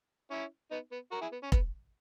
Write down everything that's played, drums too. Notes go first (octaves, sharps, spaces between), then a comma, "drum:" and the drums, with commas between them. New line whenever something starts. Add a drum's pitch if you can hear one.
C#4 E4
B3 D#4
B3
F#4 A#4
E4 G#4
B3
C#4
B3, drum: kick